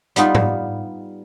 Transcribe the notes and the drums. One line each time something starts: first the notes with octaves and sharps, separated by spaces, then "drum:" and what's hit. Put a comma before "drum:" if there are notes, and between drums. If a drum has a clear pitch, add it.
G3 B3 D#4 F4, drum: hi-hat
drum: tom G#2